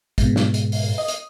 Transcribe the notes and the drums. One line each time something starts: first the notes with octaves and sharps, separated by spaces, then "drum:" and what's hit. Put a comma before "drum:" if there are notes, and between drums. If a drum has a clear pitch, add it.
G#2 B2, drum: kick, hi-hat
drum: snare
drum: hi-hat
drum: open hi-hat
D#5
drum: hi-hat